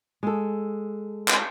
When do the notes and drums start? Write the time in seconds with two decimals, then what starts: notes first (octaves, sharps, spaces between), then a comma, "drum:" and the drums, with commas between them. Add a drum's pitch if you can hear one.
0.23 G#3 A4
1.28 drum: clap